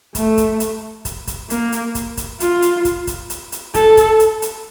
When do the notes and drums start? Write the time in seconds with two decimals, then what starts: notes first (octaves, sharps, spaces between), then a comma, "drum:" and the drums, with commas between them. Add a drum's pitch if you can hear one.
0.15 A3, drum: kick, hi-hat
0.37 drum: kick, hi-hat
0.60 drum: hi-hat
1.05 drum: kick, hi-hat
1.27 drum: kick, hi-hat
1.50 A#3, drum: hi-hat
1.72 drum: hi-hat
1.95 drum: kick, hi-hat
2.17 drum: kick, hi-hat
2.40 F4, drum: hi-hat
2.62 drum: hi-hat
2.85 drum: kick, hi-hat
3.07 drum: kick, hi-hat
3.30 drum: hi-hat
3.52 drum: hi-hat
3.74 A4, drum: kick, hi-hat
3.97 drum: kick, hi-hat
4.20 drum: hi-hat
4.42 drum: hi-hat